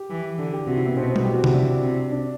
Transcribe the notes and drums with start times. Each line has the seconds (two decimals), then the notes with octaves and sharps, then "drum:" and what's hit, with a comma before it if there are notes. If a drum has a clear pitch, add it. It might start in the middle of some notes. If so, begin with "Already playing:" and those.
Already playing: G4
0.10 E3
0.38 D3
0.53 G4
0.67 C3 F#4
0.77 E4
0.87 B3
0.96 B2 C4
1.16 drum: tom
1.25 G4
1.34 F#4
1.44 E4, drum: tom C3
1.54 D4
1.83 C3
2.11 D4